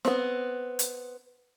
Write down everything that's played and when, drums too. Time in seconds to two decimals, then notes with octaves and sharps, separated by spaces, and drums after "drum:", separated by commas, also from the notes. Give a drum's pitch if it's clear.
0.05 B3 C4, drum: snare
0.79 drum: hi-hat